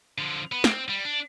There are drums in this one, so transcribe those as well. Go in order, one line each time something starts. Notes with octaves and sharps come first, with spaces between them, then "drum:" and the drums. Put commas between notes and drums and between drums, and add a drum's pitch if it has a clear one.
D3 F3
B3
C4, drum: snare
G3
D4